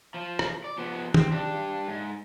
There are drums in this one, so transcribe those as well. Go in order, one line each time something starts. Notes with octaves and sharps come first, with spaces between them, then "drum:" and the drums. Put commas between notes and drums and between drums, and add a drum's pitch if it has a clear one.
F3
drum: rim click
D5
F3 B3
C4, drum: tom
D4 G4
G#2